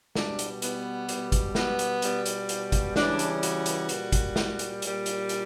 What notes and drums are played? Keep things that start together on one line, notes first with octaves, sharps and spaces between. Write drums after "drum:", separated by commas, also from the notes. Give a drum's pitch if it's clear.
B2 G3 D4, drum: snare
drum: hi-hat
B3, drum: hi-hat
B2 G3, drum: hi-hat
drum: kick G#1, hi-hat
B3, drum: snare
drum: hi-hat
B2 G3, drum: hi-hat
drum: hi-hat
drum: hi-hat
drum: kick G#1, hi-hat
C#3 E3 G3 D4, drum: snare
drum: hi-hat
F#4, drum: hi-hat
drum: hi-hat
A#2 G3, drum: hi-hat
drum: kick G#1, hi-hat
drum: snare
drum: hi-hat
A#2 G3, drum: hi-hat
drum: hi-hat
drum: hi-hat